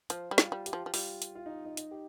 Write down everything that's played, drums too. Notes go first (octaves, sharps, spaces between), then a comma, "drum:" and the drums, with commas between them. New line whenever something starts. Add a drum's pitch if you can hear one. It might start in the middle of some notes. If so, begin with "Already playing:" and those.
F3 C5, drum: hi-hat
G3
F4, drum: snare
G3
G4, drum: hi-hat
F3
F3
G3 F4, drum: open hi-hat
drum: hi-hat
F4
D#4
D#4
D#4, drum: hi-hat
G4